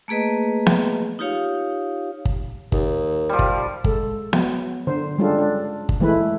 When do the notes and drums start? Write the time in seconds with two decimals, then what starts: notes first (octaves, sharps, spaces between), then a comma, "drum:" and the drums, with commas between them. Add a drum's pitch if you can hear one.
0.08 A3 A#3 G#4 B4 D#5
0.66 drum: snare B3
1.19 D#4 F4 G4 C#5 F5
2.25 drum: kick
2.72 D#2, drum: kick
3.29 F3 G3
3.39 drum: kick
3.84 G#3 A4, drum: kick
4.33 F#3 B3, drum: snare B3
4.87 D3 C5
5.18 G3 G#3 C#4 D4 F4 A4
5.38 D4
5.89 drum: kick
6.00 E3 G#3 A3 E4 B4